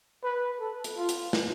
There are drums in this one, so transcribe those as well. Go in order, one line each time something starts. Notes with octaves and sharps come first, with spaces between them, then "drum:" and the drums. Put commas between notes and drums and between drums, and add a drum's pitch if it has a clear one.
B4
A4
drum: hi-hat
F4
drum: hi-hat
drum: snare